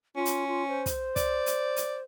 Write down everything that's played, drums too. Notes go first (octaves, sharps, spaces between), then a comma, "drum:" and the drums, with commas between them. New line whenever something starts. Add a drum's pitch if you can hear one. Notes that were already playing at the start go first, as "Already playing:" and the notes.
C#4 F4
drum: hi-hat
F4
C5
drum: kick, hi-hat
D5, drum: kick, hi-hat
drum: hi-hat
drum: hi-hat